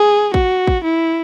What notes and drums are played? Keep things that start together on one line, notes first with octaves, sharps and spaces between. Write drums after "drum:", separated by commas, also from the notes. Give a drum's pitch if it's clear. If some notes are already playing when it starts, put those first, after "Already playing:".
Already playing: G#4
F#4, drum: kick
drum: kick
E4